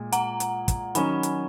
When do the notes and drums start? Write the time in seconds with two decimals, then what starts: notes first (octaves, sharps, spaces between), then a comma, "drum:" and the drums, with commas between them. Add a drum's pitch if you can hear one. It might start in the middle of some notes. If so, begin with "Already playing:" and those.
Already playing: A#2 G#3
0.12 F#5 A#5, drum: hi-hat
0.40 drum: hi-hat
0.68 drum: kick, hi-hat
0.95 D#3 F#3 C#4 G#5 B5, drum: hi-hat
1.23 drum: hi-hat